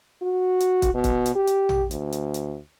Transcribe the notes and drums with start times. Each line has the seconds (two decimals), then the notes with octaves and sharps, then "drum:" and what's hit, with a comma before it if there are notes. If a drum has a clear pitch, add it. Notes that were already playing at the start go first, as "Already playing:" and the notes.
0.22 F#4
0.60 drum: hi-hat
0.82 drum: kick, hi-hat
0.94 B2
1.04 drum: kick, hi-hat
1.26 drum: hi-hat
1.35 G4
1.47 drum: hi-hat
1.69 drum: tom A#1
1.91 D2, drum: hi-hat
2.12 drum: hi-hat
2.34 drum: hi-hat